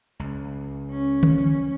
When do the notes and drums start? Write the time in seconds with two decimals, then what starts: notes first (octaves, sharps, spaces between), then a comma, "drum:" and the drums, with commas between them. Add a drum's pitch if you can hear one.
0.19 C#2
0.90 C#4
1.23 drum: tom D3